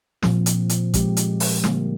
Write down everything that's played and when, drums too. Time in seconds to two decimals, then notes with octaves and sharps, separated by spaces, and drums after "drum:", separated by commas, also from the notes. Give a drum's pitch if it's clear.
0.22 A#2 F3 C4, drum: snare
0.46 drum: hi-hat
0.69 drum: hi-hat
0.94 F3 G#3 C4 G4, drum: kick A1, hi-hat
1.17 drum: hi-hat
1.40 drum: open hi-hat
1.64 D3 G3 A#3, drum: snare